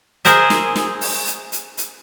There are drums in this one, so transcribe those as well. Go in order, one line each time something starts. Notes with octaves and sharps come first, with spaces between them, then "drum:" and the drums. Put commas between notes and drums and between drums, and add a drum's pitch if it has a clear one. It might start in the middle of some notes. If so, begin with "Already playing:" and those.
G#4 A#4 C5 E5, drum: hi-hat
drum: snare
drum: snare
drum: open hi-hat
drum: hi-hat
drum: hi-hat
drum: hi-hat